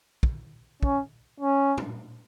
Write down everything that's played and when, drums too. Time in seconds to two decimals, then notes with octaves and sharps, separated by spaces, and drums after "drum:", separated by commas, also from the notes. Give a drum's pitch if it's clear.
0.23 drum: kick
0.83 C#4, drum: kick
1.40 C#4
1.78 drum: tom A2